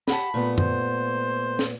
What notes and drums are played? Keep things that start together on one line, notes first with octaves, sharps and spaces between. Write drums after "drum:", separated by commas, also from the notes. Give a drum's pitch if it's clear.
G4 F#5 A5 B5, drum: snare
A#2 A3 B3
C5, drum: tom F#2
drum: snare